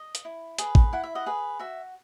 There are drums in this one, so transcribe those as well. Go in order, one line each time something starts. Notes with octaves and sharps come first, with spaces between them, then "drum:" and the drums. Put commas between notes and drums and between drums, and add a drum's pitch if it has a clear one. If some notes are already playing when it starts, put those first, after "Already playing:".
Already playing: D#5
drum: hi-hat
E4
G#4 B4, drum: hi-hat
drum: kick A1
E4 F#5
E5
D#5 F#5
G#4 B4
F#4 E5